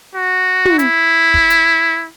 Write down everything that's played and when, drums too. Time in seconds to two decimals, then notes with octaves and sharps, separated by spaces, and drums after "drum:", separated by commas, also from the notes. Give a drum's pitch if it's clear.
0.15 F#4
0.65 drum: tom
0.79 E4, drum: hi-hat
1.34 drum: kick
1.50 drum: hi-hat